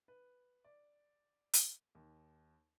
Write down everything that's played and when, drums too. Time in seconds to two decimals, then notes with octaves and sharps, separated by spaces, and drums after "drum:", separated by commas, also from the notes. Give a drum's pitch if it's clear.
0.08 B4
0.65 D5
1.53 drum: hi-hat
1.95 D#2